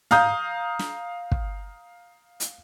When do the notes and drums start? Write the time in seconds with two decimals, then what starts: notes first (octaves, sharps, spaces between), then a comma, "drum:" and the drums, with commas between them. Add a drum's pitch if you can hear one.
0.11 F5 A#5 D#6 G6, drum: tom
0.79 drum: snare
1.31 drum: kick
2.40 drum: hi-hat